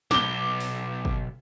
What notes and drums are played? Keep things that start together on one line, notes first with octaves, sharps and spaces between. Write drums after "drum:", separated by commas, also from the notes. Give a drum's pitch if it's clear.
B1 D6 G7, drum: snare
drum: open hi-hat
drum: kick